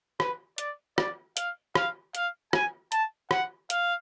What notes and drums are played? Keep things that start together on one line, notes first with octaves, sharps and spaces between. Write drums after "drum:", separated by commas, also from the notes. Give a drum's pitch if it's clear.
B4, drum: rim click
D5, drum: hi-hat
D5, drum: rim click
F5, drum: hi-hat
F5, drum: rim click
F5, drum: hi-hat
G#5, drum: rim click
A5, drum: hi-hat
F#5, drum: rim click
F5, drum: hi-hat